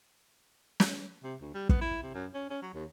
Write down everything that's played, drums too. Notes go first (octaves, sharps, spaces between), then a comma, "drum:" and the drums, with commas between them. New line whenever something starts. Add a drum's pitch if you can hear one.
drum: snare
C3
D2
G3
B3, drum: kick
E4
C3
F#2
C#4
C#4
F#3
D#2